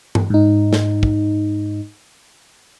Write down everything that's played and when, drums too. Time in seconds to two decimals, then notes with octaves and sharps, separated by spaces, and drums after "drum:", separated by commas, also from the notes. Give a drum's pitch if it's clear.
0.15 drum: tom G2
0.30 G#2 D#4
0.73 drum: snare
1.03 drum: kick